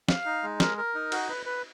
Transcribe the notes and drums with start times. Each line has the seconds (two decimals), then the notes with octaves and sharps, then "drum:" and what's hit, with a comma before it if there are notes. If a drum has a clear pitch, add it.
0.08 F5, drum: snare
0.25 D#4
0.43 G#3
0.60 A#4, drum: snare
0.78 A#4
0.95 D#4
1.12 F#4, drum: cymbal
1.29 B4
1.46 B4